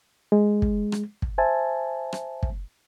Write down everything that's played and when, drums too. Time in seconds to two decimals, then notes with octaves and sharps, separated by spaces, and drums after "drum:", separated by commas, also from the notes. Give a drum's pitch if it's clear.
0.32 G#3
0.62 drum: kick
0.92 drum: rim click
1.22 drum: kick
1.38 C5 E5 G#5 A5
2.13 drum: rim click
2.43 drum: kick